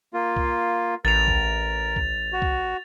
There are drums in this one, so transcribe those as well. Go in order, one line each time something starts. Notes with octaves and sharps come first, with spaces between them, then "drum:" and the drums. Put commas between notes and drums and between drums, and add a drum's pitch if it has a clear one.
A#3 F4
drum: kick C2
A1 A#4 A6 F7
drum: kick C2
drum: kick C2
F#4
drum: kick C2